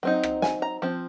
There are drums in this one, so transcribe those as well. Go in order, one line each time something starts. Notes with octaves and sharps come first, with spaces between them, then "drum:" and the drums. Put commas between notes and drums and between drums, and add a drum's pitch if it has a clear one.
F#3 C4 D#4
drum: rim click
G#5, drum: snare
A#5
F3 C4